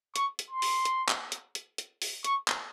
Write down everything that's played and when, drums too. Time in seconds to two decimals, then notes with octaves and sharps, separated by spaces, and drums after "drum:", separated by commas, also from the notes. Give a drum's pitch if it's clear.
0.16 C#6, drum: hi-hat
0.39 drum: hi-hat
0.50 C6
0.62 drum: open hi-hat
0.85 drum: hi-hat
1.09 drum: clap
1.32 drum: hi-hat
1.55 drum: hi-hat
1.78 drum: hi-hat
2.02 drum: open hi-hat
2.24 C#6, drum: hi-hat
2.48 drum: clap